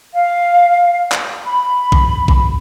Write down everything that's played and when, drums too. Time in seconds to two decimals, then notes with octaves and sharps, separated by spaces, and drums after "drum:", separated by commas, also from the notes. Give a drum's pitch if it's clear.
0.13 F5
1.12 drum: clap
1.45 B5
1.92 drum: kick
2.28 drum: kick